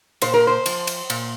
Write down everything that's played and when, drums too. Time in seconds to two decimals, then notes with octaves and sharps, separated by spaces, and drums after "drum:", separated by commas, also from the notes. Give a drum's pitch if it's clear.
0.22 A#2 C5, drum: cymbal
0.34 A#4
0.47 C5
0.66 F3, drum: cymbal
0.87 drum: cymbal
1.10 A#2, drum: cymbal